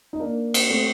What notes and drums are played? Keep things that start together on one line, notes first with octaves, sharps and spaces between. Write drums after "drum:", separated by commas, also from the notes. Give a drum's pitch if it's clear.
D#4
A#3 D4
drum: cymbal
A3 C4